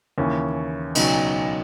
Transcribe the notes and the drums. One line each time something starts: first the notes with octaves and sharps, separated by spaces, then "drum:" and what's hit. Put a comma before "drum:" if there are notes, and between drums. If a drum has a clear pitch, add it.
D#2 C#3 E3 C#4
C#2 B2 F#3 D#4, drum: cymbal